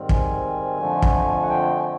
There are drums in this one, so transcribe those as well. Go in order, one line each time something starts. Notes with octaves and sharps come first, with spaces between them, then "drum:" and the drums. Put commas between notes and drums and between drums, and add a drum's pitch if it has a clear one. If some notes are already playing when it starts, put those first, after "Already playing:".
Already playing: G#2 D#3 G3 C4
G#5, drum: kick
F2 D3 F3 A3
drum: kick
F#5
G5
G#5